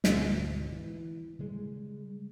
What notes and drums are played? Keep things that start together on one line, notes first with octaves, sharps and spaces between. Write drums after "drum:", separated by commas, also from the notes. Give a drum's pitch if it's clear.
D2 G#2 B2, drum: snare
E3
C#3 G3 G#3